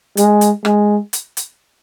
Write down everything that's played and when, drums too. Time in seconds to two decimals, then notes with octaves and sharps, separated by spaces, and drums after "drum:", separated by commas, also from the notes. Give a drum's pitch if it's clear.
0.17 G#3, drum: hi-hat
0.41 drum: hi-hat
0.65 G#3, drum: rim click
1.13 drum: hi-hat
1.37 drum: hi-hat